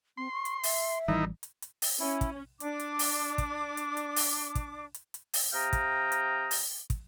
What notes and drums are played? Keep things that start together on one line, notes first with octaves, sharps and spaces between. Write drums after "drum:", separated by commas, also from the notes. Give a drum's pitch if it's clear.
C4 C6
C#6
drum: hi-hat
E5, drum: open hi-hat
A1 D#3 E3 G3 D#4 E4
drum: hi-hat
drum: hi-hat
drum: open hi-hat
C#4 E4
drum: kick, hi-hat
D4 D6, drum: hi-hat
drum: hi-hat
drum: open hi-hat
drum: kick, hi-hat
drum: hi-hat
drum: hi-hat
drum: open hi-hat
drum: kick, hi-hat
drum: hi-hat
drum: hi-hat
drum: open hi-hat
C3 F5 G5 A#5 D#6
drum: kick, hi-hat
drum: hi-hat
drum: open hi-hat
drum: kick, hi-hat